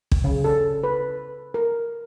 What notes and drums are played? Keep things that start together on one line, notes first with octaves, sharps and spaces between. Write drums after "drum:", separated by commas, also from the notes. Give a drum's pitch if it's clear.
drum: kick
C#3
A4
B4
A#4